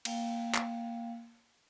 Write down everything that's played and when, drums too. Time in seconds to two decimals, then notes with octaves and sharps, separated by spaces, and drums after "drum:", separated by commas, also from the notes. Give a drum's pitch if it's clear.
0.05 A#3 F5 G5, drum: cymbal
0.54 drum: clap